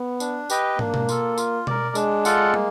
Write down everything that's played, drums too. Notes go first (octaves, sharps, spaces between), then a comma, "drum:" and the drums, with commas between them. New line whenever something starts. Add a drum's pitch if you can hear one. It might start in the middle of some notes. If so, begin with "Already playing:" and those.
Already playing: B3
D4, drum: tambourine
G4 B4 D#5 G5, drum: tambourine
A#3 D4, drum: tom
drum: tom B2
F4 A4, drum: tambourine
F4, drum: tambourine
A#4 D5, drum: tom B2
G#3 D4, drum: tambourine
F4 A4 D5 F#5, drum: tambourine
A#3, drum: tom